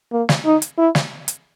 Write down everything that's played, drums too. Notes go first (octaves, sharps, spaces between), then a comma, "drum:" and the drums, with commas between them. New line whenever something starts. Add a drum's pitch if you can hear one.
A#3
drum: snare
D#4
drum: hi-hat
E4
drum: snare
drum: hi-hat